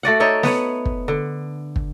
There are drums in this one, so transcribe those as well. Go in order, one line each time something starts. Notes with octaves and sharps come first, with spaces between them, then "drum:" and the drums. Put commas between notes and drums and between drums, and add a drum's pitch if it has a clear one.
A3 F#4 D5 F#5
D#4 C#5 D5 E5
B3 B4 C#5, drum: snare
drum: kick
D3
drum: kick